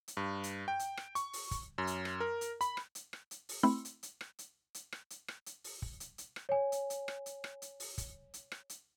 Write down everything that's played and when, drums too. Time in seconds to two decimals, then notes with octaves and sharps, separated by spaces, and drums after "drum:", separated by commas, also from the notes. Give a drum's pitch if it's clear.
0.08 drum: hi-hat
0.17 G2
0.44 drum: hi-hat
0.68 G5
0.79 drum: hi-hat
0.97 drum: rim click
1.15 C#6, drum: hi-hat
1.33 drum: open hi-hat
1.51 drum: kick, hi-hat
1.78 F#2
1.87 drum: hi-hat
2.05 drum: rim click
2.20 A#4
2.41 drum: hi-hat
2.61 B5, drum: hi-hat
2.77 drum: rim click
2.95 drum: hi-hat
3.13 drum: rim click
3.31 drum: hi-hat
3.49 drum: open hi-hat
3.63 A3 C4 E4 B5 C6 E6
3.85 drum: hi-hat
4.03 drum: hi-hat
4.21 drum: rim click
4.39 drum: hi-hat
4.74 drum: hi-hat
4.92 drum: rim click
5.10 drum: hi-hat
5.28 drum: rim click
5.46 drum: hi-hat
5.64 drum: open hi-hat
5.82 drum: kick
6.00 drum: hi-hat
6.18 drum: hi-hat
6.36 drum: rim click
6.49 C#5 G#5
6.72 drum: hi-hat
6.90 drum: hi-hat
7.08 drum: rim click
7.26 drum: hi-hat
7.44 drum: rim click
7.62 drum: hi-hat
7.80 drum: open hi-hat
7.98 drum: kick, hi-hat
8.34 drum: hi-hat
8.52 drum: rim click
8.69 drum: hi-hat